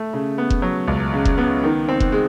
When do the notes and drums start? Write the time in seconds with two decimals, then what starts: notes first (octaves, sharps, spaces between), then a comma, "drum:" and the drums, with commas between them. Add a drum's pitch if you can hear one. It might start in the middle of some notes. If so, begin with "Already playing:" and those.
Already playing: A3
0.14 C#3
0.38 B3
0.50 drum: kick F1
0.62 F#3
0.88 C#2
1.13 C#3
1.25 drum: kick F1
1.38 B3
1.63 D#3
1.88 C4
2.00 drum: kick F1
2.12 G#3